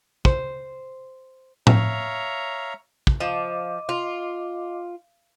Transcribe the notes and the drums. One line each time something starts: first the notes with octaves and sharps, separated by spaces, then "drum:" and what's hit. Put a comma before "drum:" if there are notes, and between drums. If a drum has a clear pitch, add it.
C5, drum: kick
C#5 E5 F5 A#5, drum: tom A2
drum: kick
F3 D#5 D6
F4